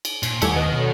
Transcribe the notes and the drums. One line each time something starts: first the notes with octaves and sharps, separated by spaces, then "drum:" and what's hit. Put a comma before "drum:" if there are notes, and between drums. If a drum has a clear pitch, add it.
drum: cymbal
A#2, drum: cymbal
D#2 A2 G3 B3 A4 C#5 G#5, drum: cymbal
G#2 D#3 B3 D#5
B2 D3 F#3